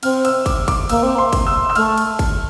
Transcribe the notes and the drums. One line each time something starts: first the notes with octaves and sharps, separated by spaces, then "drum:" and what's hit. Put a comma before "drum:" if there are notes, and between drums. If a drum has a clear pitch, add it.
C4 F6, drum: cymbal
E6, drum: cymbal
D6, drum: kick, cymbal
D6, drum: kick, cymbal
A#3 E6, drum: cymbal
C4
A#3 C6
drum: kick, cymbal
E6
E6
A3 F6, drum: cymbal
drum: cymbal
drum: kick, cymbal